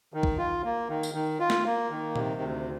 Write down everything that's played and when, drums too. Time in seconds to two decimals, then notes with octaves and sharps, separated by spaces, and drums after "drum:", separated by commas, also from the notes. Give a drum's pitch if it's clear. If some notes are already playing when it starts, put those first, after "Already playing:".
0.14 D#3
0.23 drum: kick
0.38 F4
0.64 A#3
0.89 D#3
1.03 drum: tambourine
1.14 D#3
1.40 F4
1.50 drum: snare
1.66 A#3
1.90 D#3
2.16 C3, drum: tom A#2
2.41 D2